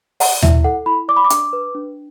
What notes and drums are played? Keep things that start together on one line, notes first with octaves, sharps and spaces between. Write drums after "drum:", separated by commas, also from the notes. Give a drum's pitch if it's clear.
D5 F#5, drum: open hi-hat
E4 E5, drum: tom D#2
A4 F#5
E4 B5
D5 D6
B5
D6
D4, drum: hi-hat
B4
D4